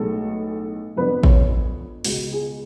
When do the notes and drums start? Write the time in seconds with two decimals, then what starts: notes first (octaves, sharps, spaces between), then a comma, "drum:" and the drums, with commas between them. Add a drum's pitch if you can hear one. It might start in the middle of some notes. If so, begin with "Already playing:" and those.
Already playing: B1 A2 G#3 A4
0.96 F2 F3 B3 D4 B4
1.23 C#5, drum: kick A1
2.05 C#2 B2 G#3 F#4, drum: open hi-hat
2.32 G#4